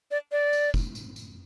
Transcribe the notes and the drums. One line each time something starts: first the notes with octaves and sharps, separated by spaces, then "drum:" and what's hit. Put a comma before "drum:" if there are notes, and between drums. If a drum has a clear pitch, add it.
D5
D5
drum: tambourine
drum: kick, tambourine
drum: tambourine
drum: tambourine